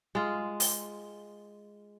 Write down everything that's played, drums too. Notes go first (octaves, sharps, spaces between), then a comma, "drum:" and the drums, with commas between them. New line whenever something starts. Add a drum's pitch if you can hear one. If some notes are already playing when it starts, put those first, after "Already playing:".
G#3 F4
drum: open hi-hat